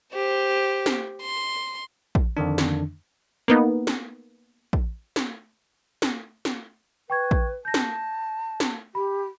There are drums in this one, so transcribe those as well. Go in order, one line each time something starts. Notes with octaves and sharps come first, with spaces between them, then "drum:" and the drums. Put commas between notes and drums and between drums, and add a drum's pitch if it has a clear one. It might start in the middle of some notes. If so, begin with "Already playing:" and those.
G4 C5
drum: snare
C6
drum: kick
F2 D3 D#3 D4
drum: snare
A#3 B3 D#4
drum: snare
drum: kick
drum: snare
drum: snare
drum: snare
B4 G5 C#6 G#6
drum: kick
A5 G6 A#6
drum: snare
drum: snare
G4 B5